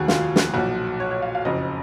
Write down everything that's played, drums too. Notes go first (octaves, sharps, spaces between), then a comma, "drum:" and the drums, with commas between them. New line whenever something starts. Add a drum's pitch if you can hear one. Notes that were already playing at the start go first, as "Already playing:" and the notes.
Already playing: F1 D#2 D#3 F#4 G#4
F4, drum: snare
drum: snare
B1 A#2 F3 F#4
C#5
C#5
F5
F5
F#1 F2 C#3 F#3 D#5